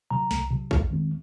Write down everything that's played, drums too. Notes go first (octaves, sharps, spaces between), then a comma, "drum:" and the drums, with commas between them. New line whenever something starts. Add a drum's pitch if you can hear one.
C3 F#3 A#5
C2, drum: snare
C3 F#3
F2, drum: kick
D#3 G#3 C4